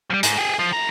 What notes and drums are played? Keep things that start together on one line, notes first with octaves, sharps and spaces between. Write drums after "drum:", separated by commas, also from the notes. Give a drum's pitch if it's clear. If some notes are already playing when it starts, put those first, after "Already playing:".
F3 G3
G#2, drum: hi-hat
G4 G#4
F3
A2 A#5